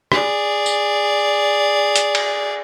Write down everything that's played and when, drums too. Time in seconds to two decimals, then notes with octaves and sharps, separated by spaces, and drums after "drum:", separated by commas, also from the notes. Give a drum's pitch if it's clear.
0.12 G#4 D5, drum: rim click
0.66 drum: tambourine
1.96 drum: hi-hat
2.15 drum: cymbal